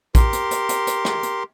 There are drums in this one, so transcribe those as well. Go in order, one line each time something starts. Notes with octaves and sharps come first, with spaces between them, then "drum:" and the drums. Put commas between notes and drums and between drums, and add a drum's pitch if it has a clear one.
G4 A#4 C6, drum: kick, hi-hat
drum: hi-hat
drum: hi-hat
drum: hi-hat
drum: hi-hat
drum: rim click
drum: hi-hat